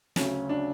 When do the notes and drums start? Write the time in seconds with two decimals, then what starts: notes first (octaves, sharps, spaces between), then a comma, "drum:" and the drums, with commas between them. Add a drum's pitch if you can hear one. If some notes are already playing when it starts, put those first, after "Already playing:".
0.16 D2 C#3 F#3 A3 C#4, drum: snare
0.49 D4